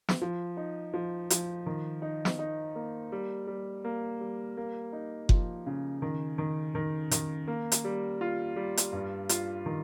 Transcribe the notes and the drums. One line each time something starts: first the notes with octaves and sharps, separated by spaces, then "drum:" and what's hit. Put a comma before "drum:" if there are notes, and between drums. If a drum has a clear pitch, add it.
drum: snare
F3
D#4
F3
F3, drum: hi-hat
D#3
D#4
drum: snare
D#4
A#3
G3
G3
A#3
G3
A#3
D#4
F3, drum: kick F#1
C#3
D#3
D#3
D#3
D#3, drum: hi-hat
A#3
drum: hi-hat
G3
F4
G3
drum: hi-hat
G2
F4, drum: hi-hat
D#3